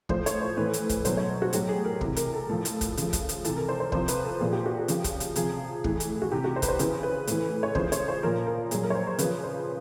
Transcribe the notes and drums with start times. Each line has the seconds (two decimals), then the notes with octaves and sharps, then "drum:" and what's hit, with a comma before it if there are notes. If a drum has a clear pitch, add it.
0.09 A2 F3 C5, drum: kick
0.26 C#5, drum: hi-hat
0.41 C5
0.57 A2 E3 B4
0.73 drum: hi-hat
0.89 drum: kick, hi-hat
1.05 B2 F#3 C5, drum: hi-hat
1.17 C#5
1.42 F#4
1.53 A2 F#3 G4, drum: hi-hat
1.69 G#4
1.85 A#4
2.01 C3 E3, drum: kick
2.16 A#4, drum: hi-hat
2.34 A4
2.49 A2 F3 A4
2.65 drum: hi-hat
2.81 drum: kick, hi-hat
2.97 C#3 F3, drum: hi-hat
3.13 drum: kick, hi-hat
3.29 drum: hi-hat
3.45 C3 E3 A4, drum: hi-hat
3.56 A#4
3.69 C5
3.80 C5
3.92 C3 F3 C5, drum: kick
4.08 B4, drum: hi-hat
4.25 A4
4.40 A#2 F3 G#4
4.53 G4
4.66 F#4
4.79 G4
4.88 C#3 F3, drum: hi-hat
5.04 drum: kick, hi-hat
5.20 drum: hi-hat
5.36 C3 F3 G#4, drum: hi-hat
5.84 A2 E3, drum: kick
6.00 drum: hi-hat
6.22 F#4
6.32 C3 E3 G4
6.44 F#4
6.56 C5
6.62 B4, drum: kick, hi-hat
6.68 C5
6.79 C#3 E3 B4, drum: hi-hat
7.03 B4
7.27 A2 E3, drum: hi-hat
7.63 C#5
7.75 C#3 F3 C5, drum: kick
7.92 C#5, drum: hi-hat
8.08 C5
8.23 A#2 F3 A#4
8.47 A#4
8.71 A#2 F#3 G#4, drum: hi-hat
8.83 A#4
8.90 C#5
8.95 C5
9.07 C5
9.19 C#3 F3 B4, drum: hi-hat
9.43 C5